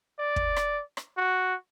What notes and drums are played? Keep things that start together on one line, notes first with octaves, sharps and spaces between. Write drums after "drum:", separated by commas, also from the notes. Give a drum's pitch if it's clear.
D5
drum: kick
drum: rim click
drum: rim click
F#4